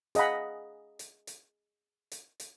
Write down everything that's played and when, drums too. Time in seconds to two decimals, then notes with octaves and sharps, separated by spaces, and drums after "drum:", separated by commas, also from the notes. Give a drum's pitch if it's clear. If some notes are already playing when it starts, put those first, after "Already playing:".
0.15 G#4 D#5 F5 F#5 B5, drum: hi-hat
0.99 drum: hi-hat
1.27 drum: hi-hat
2.12 drum: hi-hat
2.40 drum: hi-hat